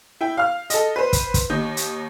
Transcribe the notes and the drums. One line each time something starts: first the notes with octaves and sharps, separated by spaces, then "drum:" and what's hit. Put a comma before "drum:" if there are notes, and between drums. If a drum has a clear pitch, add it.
E4 G5
F5 F6
A4 D#5, drum: hi-hat
B4 C5
drum: kick, hi-hat
drum: kick, hi-hat
D#2 D#4 G6
drum: hi-hat